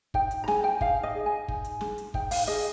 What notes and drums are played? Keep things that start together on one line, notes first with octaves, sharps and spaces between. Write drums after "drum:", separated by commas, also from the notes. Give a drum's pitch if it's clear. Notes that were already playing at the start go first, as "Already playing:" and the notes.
D#4 G5, drum: kick
drum: hi-hat
A#5
G#4 G#5, drum: snare
G5
D#4 F5, drum: kick
D#5
G#4
G#5
D#4, drum: kick
drum: hi-hat
G#4, drum: snare
drum: hi-hat
D#4 G5, drum: kick
F5, drum: open hi-hat
G#4 D#5